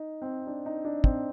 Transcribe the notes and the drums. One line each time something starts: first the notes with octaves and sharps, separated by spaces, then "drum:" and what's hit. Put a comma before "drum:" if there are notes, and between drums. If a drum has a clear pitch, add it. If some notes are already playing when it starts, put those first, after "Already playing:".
Already playing: D#4
C4
D4
D#4
D4
C4, drum: kick